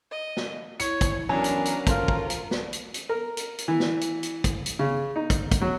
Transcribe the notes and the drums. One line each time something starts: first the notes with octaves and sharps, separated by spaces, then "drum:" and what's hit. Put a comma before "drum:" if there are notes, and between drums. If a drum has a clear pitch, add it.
D#5
drum: snare
E4 C#5 C#7, drum: hi-hat
drum: kick, hi-hat
E3 F#3 B3 C#4 D4 A#4 G#5
drum: hi-hat
drum: hi-hat
F4 A4 A#4 C5 F5, drum: kick, hi-hat
drum: kick
drum: hi-hat
drum: snare
drum: hi-hat
drum: hi-hat
A#4
drum: hi-hat
drum: hi-hat
E3
drum: snare
drum: hi-hat
drum: hi-hat
drum: kick, hi-hat
drum: hi-hat
C#3
D#4
drum: kick, hi-hat
drum: kick, hi-hat
F#3